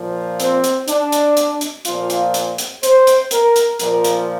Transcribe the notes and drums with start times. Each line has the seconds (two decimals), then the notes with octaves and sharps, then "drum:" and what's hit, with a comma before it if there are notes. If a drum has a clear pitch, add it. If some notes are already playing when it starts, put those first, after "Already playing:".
Already playing: A#2 F3
0.40 C4, drum: hi-hat
0.64 drum: hi-hat
0.88 D4, drum: hi-hat
1.12 drum: hi-hat
1.37 drum: hi-hat
1.61 drum: hi-hat
1.85 A#2 F3 F4, drum: hi-hat
2.10 drum: hi-hat
2.34 drum: hi-hat
2.58 drum: hi-hat
2.83 C5, drum: hi-hat
3.07 drum: hi-hat
3.31 A#4, drum: hi-hat
3.56 drum: hi-hat
3.80 A#2 F3 A#4, drum: hi-hat
4.04 drum: hi-hat